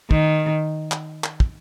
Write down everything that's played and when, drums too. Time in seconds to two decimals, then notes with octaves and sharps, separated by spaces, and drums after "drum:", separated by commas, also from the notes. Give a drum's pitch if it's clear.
0.11 D#3, drum: kick
0.92 drum: clap
1.24 drum: clap
1.40 drum: kick